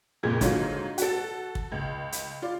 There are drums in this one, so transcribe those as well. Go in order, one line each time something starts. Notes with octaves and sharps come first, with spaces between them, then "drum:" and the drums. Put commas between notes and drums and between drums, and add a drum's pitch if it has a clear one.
F#1 F2 A#2 G#3 G#6
G#2 D3 F#3 F4, drum: kick, hi-hat
F#4 A4, drum: hi-hat
drum: kick
C#2
drum: hi-hat
F4 D5